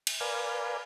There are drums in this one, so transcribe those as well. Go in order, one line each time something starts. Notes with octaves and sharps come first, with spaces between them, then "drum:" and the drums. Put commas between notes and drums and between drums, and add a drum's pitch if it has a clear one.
drum: cymbal
A#4 B4 D5 F5 G#5